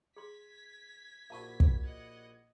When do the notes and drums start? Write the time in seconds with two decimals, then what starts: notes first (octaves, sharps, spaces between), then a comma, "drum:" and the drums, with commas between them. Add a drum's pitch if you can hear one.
0.17 G#4 C6 G#6 B6
1.30 A#1 E4 F#4 F5 A5 C#6
1.60 drum: kick
1.83 D#5 F#5